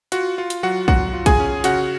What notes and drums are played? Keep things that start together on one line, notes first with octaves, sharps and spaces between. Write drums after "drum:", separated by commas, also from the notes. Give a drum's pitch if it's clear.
F4 F#4 F#5, drum: hi-hat
F4
drum: hi-hat
F#3 F#4 F#5
F#3 F#4 F#5, drum: kick
F4
G#4 G#5, drum: kick, hi-hat
C#4
C#3 F#4 F#5, drum: hi-hat